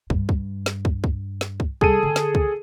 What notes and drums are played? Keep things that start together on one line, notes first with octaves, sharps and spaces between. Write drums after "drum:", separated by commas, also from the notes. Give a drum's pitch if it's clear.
G2, drum: kick
drum: kick
drum: snare
drum: kick
drum: kick
drum: snare
drum: kick
C3 G3 G#4 A4 D#7, drum: kick
D3 D#3
drum: snare
drum: kick